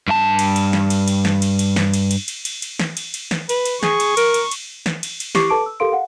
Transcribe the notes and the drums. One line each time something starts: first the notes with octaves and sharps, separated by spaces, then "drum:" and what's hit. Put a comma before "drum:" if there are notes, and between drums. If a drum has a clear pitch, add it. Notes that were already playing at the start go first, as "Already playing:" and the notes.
G2 A5
drum: cymbal
drum: cymbal
drum: snare
drum: cymbal
drum: cymbal
drum: snare
drum: cymbal
drum: cymbal
drum: snare
drum: cymbal
drum: cymbal
drum: cymbal
drum: cymbal
drum: cymbal
drum: snare
drum: cymbal
drum: cymbal
drum: snare
B4, drum: cymbal
drum: cymbal
G#4 C#6, drum: snare
drum: cymbal
A#4, drum: cymbal
drum: cymbal
drum: cymbal
drum: snare
drum: cymbal
drum: cymbal
E4 G4 C#6 D6 C7, drum: snare
A4 B4 A5 D6 D7
E6
G4 A4 A#4 F5 C6 D7
F5 F#5